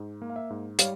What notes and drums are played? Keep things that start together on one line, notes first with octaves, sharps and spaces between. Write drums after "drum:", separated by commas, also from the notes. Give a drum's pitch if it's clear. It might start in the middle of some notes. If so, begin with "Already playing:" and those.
Already playing: G#2
A#3
F5
E5
G#2
G3 C#5 F5, drum: hi-hat